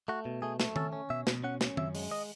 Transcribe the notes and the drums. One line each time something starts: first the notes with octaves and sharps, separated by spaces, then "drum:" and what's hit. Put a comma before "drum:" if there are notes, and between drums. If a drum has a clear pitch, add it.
A3 F#4
B2
A3 G#4
A3, drum: snare
C#4 A4, drum: tom D#3
C#4
B2 E5
B2, drum: snare
C#4 F#5
C#4, drum: snare
F#2 E5, drum: tom D#3
G#3, drum: open hi-hat
D#5